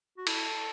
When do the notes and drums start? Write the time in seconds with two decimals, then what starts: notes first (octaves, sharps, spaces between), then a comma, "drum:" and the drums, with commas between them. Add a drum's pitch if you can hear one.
0.17 F#4
0.27 E4 A4, drum: cymbal